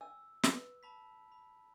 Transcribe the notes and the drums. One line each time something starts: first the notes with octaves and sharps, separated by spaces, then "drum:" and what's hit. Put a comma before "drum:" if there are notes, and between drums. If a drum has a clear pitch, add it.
G#5 E6
B4, drum: snare
A5 B5 B6
B5